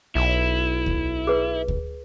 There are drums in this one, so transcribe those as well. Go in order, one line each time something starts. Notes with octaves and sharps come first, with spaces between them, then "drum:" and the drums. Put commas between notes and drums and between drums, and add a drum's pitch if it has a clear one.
B1 E4
drum: kick D2
G#4 B4
drum: kick D2